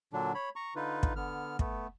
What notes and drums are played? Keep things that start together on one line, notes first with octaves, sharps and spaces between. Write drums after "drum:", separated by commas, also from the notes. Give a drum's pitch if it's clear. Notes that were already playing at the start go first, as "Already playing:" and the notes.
A#2 D3 F#3 D4
C#5 B5
A#5 C#6
D3 D#4 F4 B4
drum: kick
D3 B3 F6
A3 B3, drum: kick